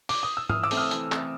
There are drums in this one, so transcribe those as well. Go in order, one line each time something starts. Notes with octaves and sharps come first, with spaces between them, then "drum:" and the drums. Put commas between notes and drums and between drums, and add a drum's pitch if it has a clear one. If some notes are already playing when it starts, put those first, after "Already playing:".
D6, drum: open hi-hat
D#6
E6
E3 D#6 F6, drum: tom
D6 E6
A3 C4, drum: open hi-hat
D#6 F6
E3, drum: hi-hat
A3 C4, drum: clap